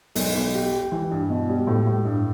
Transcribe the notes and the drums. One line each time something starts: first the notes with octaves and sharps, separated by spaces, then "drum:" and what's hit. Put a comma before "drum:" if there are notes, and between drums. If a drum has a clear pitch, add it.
B1, drum: open hi-hat
B1
G4
G4
E3
G2
B2
G3
A2
A2
G2